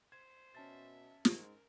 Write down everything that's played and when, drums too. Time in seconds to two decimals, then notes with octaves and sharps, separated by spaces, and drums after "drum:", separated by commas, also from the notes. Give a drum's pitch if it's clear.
0.12 C5 G#6
0.55 B2 C#4 E5 A5 A6
1.25 G#2 C4 A#4, drum: snare